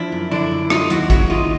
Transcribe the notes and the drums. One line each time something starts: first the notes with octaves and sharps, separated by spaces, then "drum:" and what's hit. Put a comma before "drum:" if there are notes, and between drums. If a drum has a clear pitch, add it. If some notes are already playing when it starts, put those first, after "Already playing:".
Already playing: F3 D4 E4
F#2
D3 D4 E4
F#2
F#3 D#4 F4, drum: rim click
D#2 E4 F#4, drum: hi-hat
C#3 E4 F#4, drum: kick, hi-hat
D#2 D#4 F4